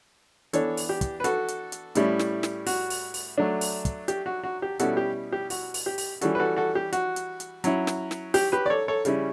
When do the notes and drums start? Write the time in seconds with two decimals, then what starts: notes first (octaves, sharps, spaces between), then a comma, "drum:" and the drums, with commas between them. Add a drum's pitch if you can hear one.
0.53 E3 B3 D4 A4 C#5, drum: hi-hat
0.77 drum: open hi-hat
0.89 G4
1.01 drum: kick, hi-hat
1.20 B4
1.24 F#4 A4, drum: hi-hat
1.48 drum: hi-hat
1.72 drum: hi-hat
1.95 A2 G3 C#4 E4, drum: hi-hat
2.19 drum: snare
2.43 drum: snare
2.67 F#4, drum: open hi-hat
2.90 drum: open hi-hat
3.14 drum: open hi-hat
3.38 F#3 A3 D4
3.61 drum: open hi-hat
3.85 drum: kick, hi-hat
4.08 G4, drum: hi-hat
4.26 F#4
4.44 F#4
4.62 G4
4.79 B2 G3 C#4 E4 F#4 A4, drum: hi-hat
4.97 G4
5.32 G4
5.50 F#4, drum: open hi-hat
5.74 drum: open hi-hat
5.86 G4
5.98 drum: open hi-hat
6.21 E3 G3 C#4 F#4 A4, drum: hi-hat
6.35 B4
6.40 F#4 A4
6.56 F#4 A4
6.75 G4
6.93 F#4, drum: hi-hat
7.16 drum: hi-hat
7.40 drum: hi-hat
7.64 F#3 C#4 E4, drum: hi-hat
7.87 drum: snare
8.11 drum: snare
8.34 G4, drum: open hi-hat
8.52 G4 B4
8.66 D5
8.70 A4 C#5
8.88 A4 C#5
9.05 C#3 G3 C#4 E4, drum: hi-hat